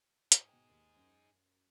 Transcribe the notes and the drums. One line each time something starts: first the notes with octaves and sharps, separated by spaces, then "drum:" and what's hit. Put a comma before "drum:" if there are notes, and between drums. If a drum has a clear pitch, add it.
D#4 G#4, drum: hi-hat
B2 G5
D#2
F#2